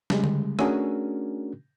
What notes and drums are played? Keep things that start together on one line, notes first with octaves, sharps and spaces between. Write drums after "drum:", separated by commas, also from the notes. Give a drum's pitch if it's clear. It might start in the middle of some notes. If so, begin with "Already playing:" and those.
C#3 G3 G#3, drum: snare
drum: tom D3
A3 C#4 D4 F#4 G#4 A#4, drum: rim click